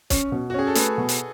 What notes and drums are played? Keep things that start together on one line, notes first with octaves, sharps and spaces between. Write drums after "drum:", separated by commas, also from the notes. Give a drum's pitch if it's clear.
C#4, drum: kick, hi-hat
B2
F#4
C#4 G#4
A4
A3 G#4 B4, drum: hi-hat
B2
drum: hi-hat